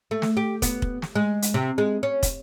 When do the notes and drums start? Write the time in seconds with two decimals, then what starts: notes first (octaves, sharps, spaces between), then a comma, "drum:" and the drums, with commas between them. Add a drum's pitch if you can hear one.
0.11 A3
0.22 drum: snare
0.37 G4
0.62 B3, drum: kick, hi-hat
0.82 drum: kick
1.02 drum: snare
1.15 G#3
1.42 drum: hi-hat
1.54 C3
1.78 G#3
2.03 C#4
2.23 drum: kick, hi-hat